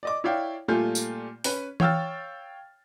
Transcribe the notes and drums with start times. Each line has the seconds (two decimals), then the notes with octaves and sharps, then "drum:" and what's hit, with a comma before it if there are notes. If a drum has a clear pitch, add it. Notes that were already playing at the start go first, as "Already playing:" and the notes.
0.03 D5 D#5 D6
0.24 E4 C#5 D5 F5 G5
0.68 A#2 G3 A3 F4 G#5 G6
0.95 drum: tambourine
1.44 C#4 B4, drum: open hi-hat
1.80 C#5 F5 G5 E6 F6 A6, drum: tom E3